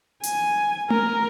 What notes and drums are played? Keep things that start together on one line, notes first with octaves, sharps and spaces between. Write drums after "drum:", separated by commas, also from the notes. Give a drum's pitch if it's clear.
G#5, drum: hi-hat
A#4, drum: tom A3